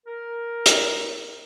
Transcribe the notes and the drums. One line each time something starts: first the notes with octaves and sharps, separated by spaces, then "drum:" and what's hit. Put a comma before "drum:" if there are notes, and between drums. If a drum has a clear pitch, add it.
A#4
drum: hi-hat